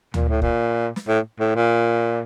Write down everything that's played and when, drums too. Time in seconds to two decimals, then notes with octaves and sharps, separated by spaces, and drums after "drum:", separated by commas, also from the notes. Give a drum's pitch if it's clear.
0.14 A#2, drum: tom D2
0.29 A2
0.42 A#2, drum: kick
0.96 drum: snare
1.08 A2
1.40 A2
1.55 A#2